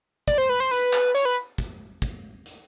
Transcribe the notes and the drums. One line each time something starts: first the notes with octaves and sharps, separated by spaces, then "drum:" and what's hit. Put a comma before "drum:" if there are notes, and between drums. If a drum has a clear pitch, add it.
D5, drum: kick, hi-hat
C5
B4
C5
B4, drum: hi-hat
drum: clap
C#5, drum: hi-hat
B4
drum: kick, hi-hat
drum: kick, hi-hat
drum: hi-hat